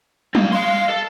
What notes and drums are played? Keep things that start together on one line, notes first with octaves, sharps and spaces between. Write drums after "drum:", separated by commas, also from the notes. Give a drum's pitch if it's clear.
C4 F5, drum: tom F#3
D#5 F5 C6
A4